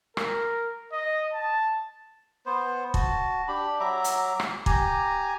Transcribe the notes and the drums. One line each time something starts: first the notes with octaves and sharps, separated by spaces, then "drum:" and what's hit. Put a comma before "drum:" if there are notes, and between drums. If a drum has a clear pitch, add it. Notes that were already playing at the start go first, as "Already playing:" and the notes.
A#4, drum: rim click
D#5
A5
B3 C5
F#4 A5, drum: kick
D4 G4 B5
F#3 E5 A#5 D6
drum: hi-hat
drum: rim click
G4 G#5 A#5, drum: kick